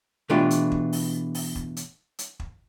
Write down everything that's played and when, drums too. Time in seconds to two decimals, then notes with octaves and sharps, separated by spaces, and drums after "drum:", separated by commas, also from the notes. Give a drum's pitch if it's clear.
0.30 B2 E3 A3 D4 F4 G4
0.51 drum: hi-hat
0.72 drum: kick
0.93 drum: open hi-hat
1.35 drum: open hi-hat
1.56 drum: kick
1.77 drum: hi-hat
2.19 drum: hi-hat
2.40 drum: kick